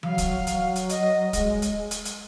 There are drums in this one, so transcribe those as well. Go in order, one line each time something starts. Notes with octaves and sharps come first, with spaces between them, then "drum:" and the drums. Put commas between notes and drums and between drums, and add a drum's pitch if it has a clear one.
F#3 F5, drum: tom E3
drum: kick, hi-hat
F#3, drum: hi-hat
drum: hi-hat
D#5, drum: hi-hat
G#3, drum: kick, hi-hat
drum: hi-hat
drum: hi-hat
drum: hi-hat